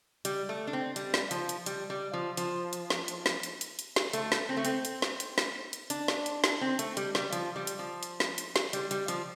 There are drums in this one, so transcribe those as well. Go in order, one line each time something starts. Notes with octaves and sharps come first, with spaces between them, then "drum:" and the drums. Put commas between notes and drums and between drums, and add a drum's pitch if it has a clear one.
G3, drum: hi-hat
A3
D4
C4
G3, drum: hi-hat
drum: snare
F3, drum: hi-hat
drum: hi-hat
G3, drum: hi-hat
G3
F3
F3, drum: hi-hat
drum: hi-hat
drum: snare
drum: hi-hat
drum: snare
drum: hi-hat
drum: hi-hat
drum: hi-hat
drum: snare
A3, drum: hi-hat
drum: snare
C4
A3
C4, drum: hi-hat
drum: hi-hat
drum: snare
drum: hi-hat
drum: snare
drum: hi-hat
D4, drum: hi-hat
drum: snare
drum: hi-hat
drum: snare
C4
A3, drum: hi-hat
G3, drum: hi-hat
G3, drum: snare
F3, drum: hi-hat
G3
drum: hi-hat
F3
drum: hi-hat
drum: snare
drum: hi-hat
drum: snare
G3, drum: hi-hat
G3, drum: hi-hat
F3, drum: hi-hat